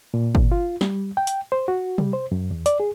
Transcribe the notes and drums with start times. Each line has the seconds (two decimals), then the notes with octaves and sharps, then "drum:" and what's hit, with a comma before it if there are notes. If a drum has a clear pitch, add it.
0.14 A#2
0.35 drum: kick
0.52 F4
0.81 G3, drum: snare
1.17 G5
1.27 drum: hi-hat
1.52 C5
1.68 F#4
1.98 G3, drum: tom C3
2.13 C5
2.32 F#2
2.51 E2
2.66 D5, drum: hi-hat
2.80 G#4